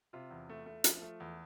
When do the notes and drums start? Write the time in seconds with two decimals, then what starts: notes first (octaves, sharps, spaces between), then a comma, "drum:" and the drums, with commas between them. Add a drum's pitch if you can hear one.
0.13 C3 F4
0.31 E2
0.49 A3
0.66 A3
0.84 F3, drum: hi-hat
1.02 A3
1.20 E2